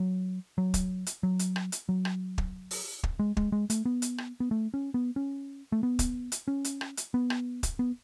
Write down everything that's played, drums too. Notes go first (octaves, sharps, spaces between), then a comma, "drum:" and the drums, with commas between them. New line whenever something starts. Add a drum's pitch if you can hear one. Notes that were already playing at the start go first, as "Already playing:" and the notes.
Already playing: F#3
F#3
drum: kick, hi-hat
drum: hi-hat
F#3
drum: hi-hat
drum: rim click
drum: hi-hat
F#3
drum: rim click
drum: kick
drum: open hi-hat
drum: kick
G#3
G#3, drum: kick
G#3
A3, drum: hi-hat
B3
drum: hi-hat
drum: rim click
B3
A3
C#4
B3
C#4
A3
B3
drum: kick, hi-hat
drum: hi-hat
C#4
drum: hi-hat
drum: rim click
drum: hi-hat
B3
drum: rim click
drum: kick, hi-hat
B3